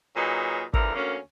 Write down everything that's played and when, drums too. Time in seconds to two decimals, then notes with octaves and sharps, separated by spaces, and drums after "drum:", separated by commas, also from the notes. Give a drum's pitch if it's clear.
0.16 A#2 F#3 D#4 G#4 B4
0.74 E2 D3 E3 F3 A#4, drum: kick
0.95 D2 A#3 C#4